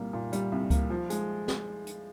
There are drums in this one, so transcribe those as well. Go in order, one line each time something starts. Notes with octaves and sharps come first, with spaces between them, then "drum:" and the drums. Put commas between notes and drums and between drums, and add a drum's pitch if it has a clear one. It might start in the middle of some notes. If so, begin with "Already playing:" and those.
Already playing: C2 A#2 G3 A#3
A#2
G3, drum: hi-hat
C2
A#3, drum: kick C#2, hi-hat
F3
G#3, drum: hi-hat
drum: snare
drum: hi-hat